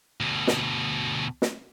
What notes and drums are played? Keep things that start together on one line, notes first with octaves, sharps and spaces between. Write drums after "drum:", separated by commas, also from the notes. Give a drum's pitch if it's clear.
D2 B2
drum: snare
drum: snare